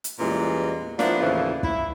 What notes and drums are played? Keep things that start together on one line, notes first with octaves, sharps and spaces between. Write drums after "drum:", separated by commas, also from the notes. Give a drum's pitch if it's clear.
drum: hi-hat
E2 A#2 E3 G3 G#3 C#4
F3 A#3 B3 D4 E4 F4, drum: snare
D#2 A2 C#3 E3 F3 F4
E4, drum: kick